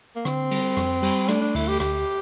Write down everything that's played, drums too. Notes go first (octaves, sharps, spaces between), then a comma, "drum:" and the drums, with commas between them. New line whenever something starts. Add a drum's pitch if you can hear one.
A#3
D3 C4, drum: rim click
G3, drum: cymbal
F2, drum: rim click
G3, drum: cymbal
A3 D4, drum: rim click
D4
D2 E4, drum: cymbal
G4
D2 G4, drum: rim click